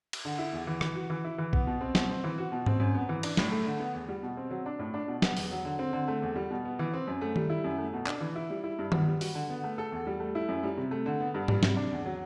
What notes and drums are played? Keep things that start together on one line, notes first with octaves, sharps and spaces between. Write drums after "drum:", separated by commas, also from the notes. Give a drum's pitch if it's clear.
drum: cymbal
D3
E4
E2
E3
E3, drum: rim click
F#4
E3
E4
E3
B3, drum: kick
B2
C4
B2, drum: snare
C4
E3
F#4
B2
C4, drum: tom G#2
F#2
B3
E3
D4, drum: cymbal
A2, drum: snare
A3
D3
B3
E2
G3
B2
C4
F#3
D4
A2
D4
B2
B3, drum: snare
E2, drum: open hi-hat
F#3
D3
C4
D3
A3
E2
G3
B2
B3
E3
C4
F#2
A3
G3, drum: tom D#3
E4
F#2
A3
B2
D4, drum: clap
E3
E4
G3
E4
G2
B3, drum: tom D#3
G3
F#4, drum: open hi-hat
D3
B3
A3
A4
E2
G3
A3
E4
F#2
G3
C3
A3
D3
B3
G2
G3, drum: tom G#2
C3, drum: snare
D4
E2
F#3